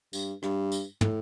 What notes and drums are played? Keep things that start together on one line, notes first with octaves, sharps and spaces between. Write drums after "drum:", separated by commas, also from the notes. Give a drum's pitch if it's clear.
G2, drum: tambourine
G2, drum: rim click
drum: tambourine
A2, drum: tom